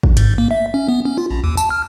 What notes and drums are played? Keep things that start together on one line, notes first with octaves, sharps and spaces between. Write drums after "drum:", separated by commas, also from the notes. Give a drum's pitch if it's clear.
drum: kick
G#2, drum: hi-hat
A#3
E5
C#4
B3
C#4
F4
A#1
D#2
A5, drum: tambourine
F6